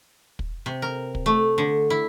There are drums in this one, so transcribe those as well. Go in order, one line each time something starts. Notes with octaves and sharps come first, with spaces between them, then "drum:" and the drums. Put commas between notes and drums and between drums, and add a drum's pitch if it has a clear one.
drum: kick
C3
A#4
drum: kick
A3
D3
E4